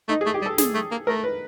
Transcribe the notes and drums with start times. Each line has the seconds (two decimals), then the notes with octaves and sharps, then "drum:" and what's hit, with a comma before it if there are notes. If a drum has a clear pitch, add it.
0.08 A3 D#4
0.21 G#4
0.26 A3
0.34 G4
0.42 G3
0.46 A4
0.58 G#4, drum: snare
0.74 A3
0.91 A#3
1.07 A3 A#4
1.24 B4